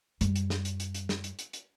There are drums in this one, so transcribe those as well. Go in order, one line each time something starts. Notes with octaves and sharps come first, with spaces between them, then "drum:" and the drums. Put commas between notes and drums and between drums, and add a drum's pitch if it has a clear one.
F#2 G3, drum: hi-hat
drum: hi-hat
drum: snare
drum: hi-hat
drum: hi-hat
drum: hi-hat
drum: snare
drum: hi-hat
drum: hi-hat
drum: hi-hat